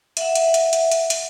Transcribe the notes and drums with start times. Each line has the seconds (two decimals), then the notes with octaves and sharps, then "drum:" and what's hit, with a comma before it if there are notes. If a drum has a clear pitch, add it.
0.17 E5 F#5, drum: hi-hat
0.35 drum: hi-hat
0.54 drum: hi-hat
0.73 drum: hi-hat
0.91 drum: hi-hat
1.10 drum: hi-hat